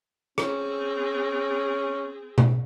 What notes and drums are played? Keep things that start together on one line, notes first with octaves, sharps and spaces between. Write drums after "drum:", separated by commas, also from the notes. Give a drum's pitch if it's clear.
C4 C#4 G#4, drum: rim click
drum: tom B2